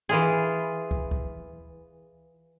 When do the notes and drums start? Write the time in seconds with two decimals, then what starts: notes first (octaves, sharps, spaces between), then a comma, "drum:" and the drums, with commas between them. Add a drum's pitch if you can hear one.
0.09 E3 F4 G#4
0.91 drum: kick
1.11 drum: kick